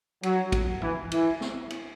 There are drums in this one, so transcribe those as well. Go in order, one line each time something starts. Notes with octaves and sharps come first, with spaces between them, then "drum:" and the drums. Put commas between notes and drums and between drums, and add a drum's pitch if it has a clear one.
F#3, drum: cymbal
drum: kick, cymbal
E3, drum: tom
E3, drum: cymbal
drum: snare
drum: cymbal